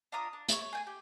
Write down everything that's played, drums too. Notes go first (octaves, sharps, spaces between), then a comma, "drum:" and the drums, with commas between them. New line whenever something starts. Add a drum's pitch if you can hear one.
D4 F4 A#5 D#6
D4
E4 C#5, drum: hi-hat
C#5
G#4 G5 G#5
G4